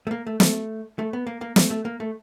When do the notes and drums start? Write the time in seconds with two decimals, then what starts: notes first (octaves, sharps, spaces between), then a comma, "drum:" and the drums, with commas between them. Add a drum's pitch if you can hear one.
0.07 A3
0.11 A#3
0.27 A3
0.40 A3, drum: snare
0.99 A3
1.13 B3
1.27 A#3
1.41 A#3
1.56 A3, drum: snare
1.70 A3
1.85 A#3
2.00 A3